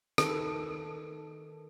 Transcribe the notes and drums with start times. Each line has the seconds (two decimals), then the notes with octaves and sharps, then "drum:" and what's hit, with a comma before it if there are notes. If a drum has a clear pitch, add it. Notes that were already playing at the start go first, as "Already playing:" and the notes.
0.18 D#3 A4 B4, drum: rim click